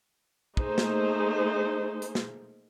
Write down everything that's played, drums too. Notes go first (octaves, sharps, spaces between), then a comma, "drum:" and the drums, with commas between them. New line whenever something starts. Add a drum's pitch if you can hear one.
A3 A#3 D#4 G#4 C5, drum: kick
drum: snare
drum: hi-hat
drum: snare